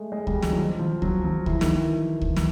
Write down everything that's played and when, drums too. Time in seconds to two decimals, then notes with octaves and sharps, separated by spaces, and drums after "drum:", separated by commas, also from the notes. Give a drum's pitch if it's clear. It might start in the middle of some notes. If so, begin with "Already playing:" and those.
Already playing: G#3 A3
0.12 G#3
0.27 G3, drum: kick C#2
0.42 F#3, drum: snare
0.53 F#3
0.56 F3
0.79 F3
1.02 F#3, drum: kick C#2
1.24 F3
1.46 E3, drum: kick C#2
1.61 D#3, drum: snare
1.77 E3
2.21 drum: kick C#2
2.36 drum: snare